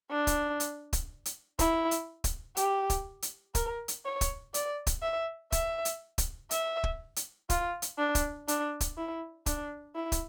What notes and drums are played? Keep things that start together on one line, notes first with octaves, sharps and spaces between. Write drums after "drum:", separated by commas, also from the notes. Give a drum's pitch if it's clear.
D4
drum: kick, hi-hat
drum: hi-hat
drum: kick, hi-hat
drum: hi-hat
E4, drum: kick, hi-hat
drum: hi-hat
drum: kick, hi-hat
G4, drum: hi-hat
drum: kick, hi-hat
drum: hi-hat
A#4, drum: kick, hi-hat
drum: hi-hat
C#5
drum: kick, hi-hat
D5, drum: hi-hat
drum: kick, hi-hat
E5
E5, drum: kick, hi-hat
drum: hi-hat
drum: kick, hi-hat
E5, drum: hi-hat
drum: kick
drum: hi-hat
F4, drum: kick, hi-hat
drum: hi-hat
D4
drum: kick, hi-hat
D4, drum: hi-hat
drum: kick, hi-hat
E4
D4, drum: kick, hi-hat
E4
drum: kick, hi-hat